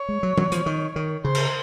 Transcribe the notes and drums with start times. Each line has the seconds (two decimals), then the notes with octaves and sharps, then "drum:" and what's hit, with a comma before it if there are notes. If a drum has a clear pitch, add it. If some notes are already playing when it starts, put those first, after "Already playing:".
Already playing: C#5
0.09 G#3
0.23 F#3
0.38 F#3, drum: tom E3
0.52 F3, drum: hi-hat
0.66 D#3
0.96 D#3
1.24 C#3 C5
1.35 drum: cymbal